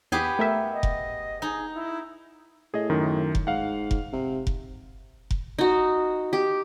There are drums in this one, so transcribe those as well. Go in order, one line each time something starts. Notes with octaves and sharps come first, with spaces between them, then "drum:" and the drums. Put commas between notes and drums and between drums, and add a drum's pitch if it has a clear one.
E2 B3 G4 G#4
A3 A#4 E5
D#5
drum: kick F1
D#4 G#4
E4
A2 G#4 D#5
F#2 D#3
drum: kick F1
G#2 F5 F#5
drum: kick F1
C3
drum: kick F1
drum: kick F1
D#4 F#4
G4